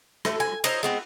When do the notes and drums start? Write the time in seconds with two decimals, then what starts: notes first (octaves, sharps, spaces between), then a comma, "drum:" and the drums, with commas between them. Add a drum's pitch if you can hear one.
0.25 A3, drum: rim click
0.40 G#5
0.64 C5 C#5 D#5 A#5, drum: cymbal
0.83 G#3 B3 C4